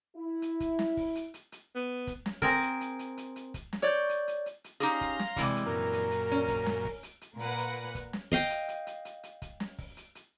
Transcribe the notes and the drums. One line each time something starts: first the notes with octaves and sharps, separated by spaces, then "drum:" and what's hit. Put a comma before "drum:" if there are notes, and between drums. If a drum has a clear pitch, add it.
E4
drum: hi-hat
drum: kick, hi-hat
drum: snare
drum: kick, open hi-hat
drum: hi-hat
drum: hi-hat
drum: hi-hat
B3
drum: kick, hi-hat
drum: snare
C4 G#4 A#4, drum: kick, open hi-hat
drum: hi-hat
drum: hi-hat
drum: hi-hat
drum: hi-hat
drum: hi-hat
drum: kick, hi-hat
drum: snare
C#5 D5 G6
drum: hi-hat
drum: hi-hat
drum: hi-hat
drum: hi-hat
C#4 D#4 G4 G#4 F5 A#5 C6, drum: hi-hat
drum: kick, hi-hat
drum: snare
C3 E3 G3 G#3, drum: kick, open hi-hat
drum: hi-hat
F#2 A#2 A#4
drum: hi-hat
drum: hi-hat
C#4, drum: hi-hat
drum: kick, hi-hat
drum: snare
drum: kick, open hi-hat
drum: hi-hat
drum: hi-hat
A#2 A#4 B4 F#5
drum: hi-hat
drum: kick, hi-hat
drum: snare
D#5 F5 G5, drum: kick, open hi-hat
drum: hi-hat
drum: hi-hat
drum: hi-hat
drum: hi-hat
drum: hi-hat
drum: kick, hi-hat
drum: snare
drum: kick, open hi-hat
drum: hi-hat
drum: hi-hat